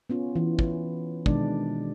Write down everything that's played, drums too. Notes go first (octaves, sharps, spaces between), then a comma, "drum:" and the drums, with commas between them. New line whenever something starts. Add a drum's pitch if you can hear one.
B3 C#4 F4
E3
drum: kick
B2 D#3 G#3 D4 D5, drum: kick